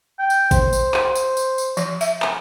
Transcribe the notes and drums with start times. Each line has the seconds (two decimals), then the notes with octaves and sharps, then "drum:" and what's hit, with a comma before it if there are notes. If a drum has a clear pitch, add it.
0.19 G5
0.30 drum: tambourine
0.51 C5, drum: kick A1, tambourine
0.73 drum: tambourine
0.94 drum: clap
1.15 drum: tambourine
1.37 drum: tambourine
1.58 drum: tambourine
1.77 F3, drum: tambourine
2.01 E5, drum: tambourine
2.22 drum: clap